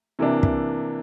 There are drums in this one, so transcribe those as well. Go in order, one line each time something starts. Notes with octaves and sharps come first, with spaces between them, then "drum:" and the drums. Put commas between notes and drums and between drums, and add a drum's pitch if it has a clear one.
C3 E3 A#3 D4
drum: kick